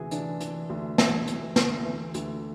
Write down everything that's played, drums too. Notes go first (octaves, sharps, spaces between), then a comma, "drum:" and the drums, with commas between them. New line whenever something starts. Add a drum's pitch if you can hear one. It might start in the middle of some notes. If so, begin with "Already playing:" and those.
Already playing: D2 C3 E3 F#4 G#4
E3 D4, drum: hi-hat
E3, drum: hi-hat
D2
E3 E4, drum: snare
E3, drum: hi-hat
D2, drum: snare
E3
D2, drum: hi-hat